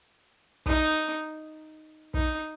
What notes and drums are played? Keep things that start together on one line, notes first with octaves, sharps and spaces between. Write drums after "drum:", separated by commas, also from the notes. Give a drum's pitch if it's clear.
D#4, drum: kick
D#4, drum: kick